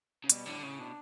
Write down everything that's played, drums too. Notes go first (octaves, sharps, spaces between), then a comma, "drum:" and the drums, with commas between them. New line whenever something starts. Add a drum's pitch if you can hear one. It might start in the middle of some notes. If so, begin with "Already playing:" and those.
C#3
B2 G3, drum: hi-hat
A2 D3
A2 C#3
B2 D4